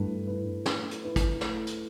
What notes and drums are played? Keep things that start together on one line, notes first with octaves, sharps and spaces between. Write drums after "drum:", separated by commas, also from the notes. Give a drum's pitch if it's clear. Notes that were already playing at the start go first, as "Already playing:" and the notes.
Already playing: G2 A3 E4 B4
E4 B4
A3, drum: snare
drum: hi-hat
E4 B4
drum: kick, hi-hat
A3, drum: snare
drum: hi-hat